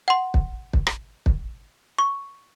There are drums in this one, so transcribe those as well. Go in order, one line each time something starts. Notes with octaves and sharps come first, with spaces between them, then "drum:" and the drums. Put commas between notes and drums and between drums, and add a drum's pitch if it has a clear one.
F#5 C6
drum: kick
drum: kick
drum: rim click
drum: kick
C#6